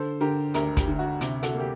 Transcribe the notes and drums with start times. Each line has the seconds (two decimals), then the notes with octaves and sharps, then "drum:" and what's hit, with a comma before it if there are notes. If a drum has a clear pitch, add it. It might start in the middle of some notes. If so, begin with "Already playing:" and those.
Already playing: D3 A4 C5
0.21 D3 G4 A#4
0.54 D2 G4 A#4, drum: hi-hat
0.77 G4, drum: kick, hi-hat
0.88 D3
0.99 F#4
1.21 C3, drum: hi-hat
1.43 F#4 A4, drum: hi-hat
1.54 A#3
1.60 G4